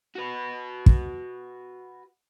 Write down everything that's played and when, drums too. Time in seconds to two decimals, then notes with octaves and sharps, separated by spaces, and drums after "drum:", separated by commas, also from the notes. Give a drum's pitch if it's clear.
0.16 F#4 B4
0.86 drum: kick